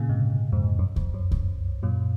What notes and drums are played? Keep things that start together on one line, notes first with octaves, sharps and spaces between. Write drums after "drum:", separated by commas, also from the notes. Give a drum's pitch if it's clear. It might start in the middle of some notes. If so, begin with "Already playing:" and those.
Already playing: A#2 C#3
G#2 C3
F2 G#2
F#2
F2, drum: kick C2
F#2
F#2, drum: kick C2
F#2 A#2